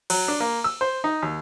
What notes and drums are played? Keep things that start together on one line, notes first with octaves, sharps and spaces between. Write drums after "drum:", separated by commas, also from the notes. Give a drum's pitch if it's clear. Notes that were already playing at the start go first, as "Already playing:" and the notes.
F#3, drum: cymbal
D4
A#3
E6
C5
D#4
D#2